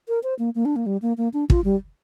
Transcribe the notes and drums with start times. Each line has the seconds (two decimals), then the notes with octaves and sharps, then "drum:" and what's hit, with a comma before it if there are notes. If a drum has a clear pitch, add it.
0.08 A#4
0.23 C5
0.39 A#3
0.55 A#3
0.65 D4
0.76 A#3
0.86 G3
1.02 A#3
1.18 A#3
1.34 D4
1.50 F4, drum: kick
1.64 G3